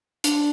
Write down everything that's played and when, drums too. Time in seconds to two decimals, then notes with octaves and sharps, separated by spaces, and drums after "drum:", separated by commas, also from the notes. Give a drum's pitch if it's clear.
0.24 D4, drum: hi-hat